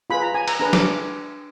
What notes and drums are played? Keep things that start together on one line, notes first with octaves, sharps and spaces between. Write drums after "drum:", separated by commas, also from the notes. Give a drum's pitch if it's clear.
F4 G#4 B4 B5
A#5
G#5
A#5, drum: cymbal
D4 G#4 B4 A#5
D6, drum: snare